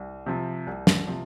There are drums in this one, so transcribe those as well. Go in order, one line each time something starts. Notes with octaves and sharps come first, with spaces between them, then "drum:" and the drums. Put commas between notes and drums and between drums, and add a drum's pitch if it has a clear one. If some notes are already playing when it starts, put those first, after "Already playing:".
Already playing: C2
C3 F3
C2
drum: snare
C3 F3